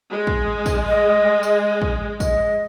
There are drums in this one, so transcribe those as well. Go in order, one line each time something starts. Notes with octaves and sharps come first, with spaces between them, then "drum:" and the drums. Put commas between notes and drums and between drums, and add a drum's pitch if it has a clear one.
G#3
drum: kick
drum: kick, tambourine
D#5
drum: tambourine
drum: kick
D#5, drum: kick, tambourine